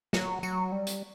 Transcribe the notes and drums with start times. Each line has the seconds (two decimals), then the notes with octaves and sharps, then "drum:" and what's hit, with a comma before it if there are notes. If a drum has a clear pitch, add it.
0.13 F#3, drum: snare
0.43 F#3, drum: tambourine
0.72 G3
0.87 drum: hi-hat